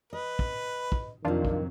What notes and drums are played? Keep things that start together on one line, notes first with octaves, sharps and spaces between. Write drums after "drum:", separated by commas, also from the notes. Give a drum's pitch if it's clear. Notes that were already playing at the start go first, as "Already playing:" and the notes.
B4 D#5
drum: kick
drum: kick
F2 C3 D#3 F#3 D4 F4
drum: kick